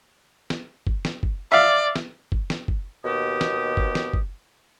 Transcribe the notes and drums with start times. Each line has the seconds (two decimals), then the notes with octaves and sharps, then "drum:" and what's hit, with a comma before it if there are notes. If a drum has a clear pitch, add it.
0.50 drum: snare
0.87 drum: kick
1.05 drum: snare
1.23 drum: kick
1.52 D5 E5 F5
1.96 drum: snare
2.32 drum: kick
2.50 drum: snare
2.68 drum: kick
3.05 D#2 B2 G4 D#6
3.41 drum: snare
3.77 drum: kick
3.95 drum: snare
4.13 drum: kick